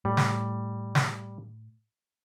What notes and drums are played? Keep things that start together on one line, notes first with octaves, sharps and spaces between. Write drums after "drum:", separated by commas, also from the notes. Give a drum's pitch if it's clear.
A2 G3
drum: snare
drum: snare